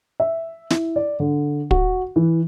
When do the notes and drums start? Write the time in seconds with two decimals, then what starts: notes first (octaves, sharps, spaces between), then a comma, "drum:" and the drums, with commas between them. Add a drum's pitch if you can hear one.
0.20 E5
0.70 E4, drum: snare
0.96 D5
1.20 D3
1.71 F#4, drum: kick
2.16 E3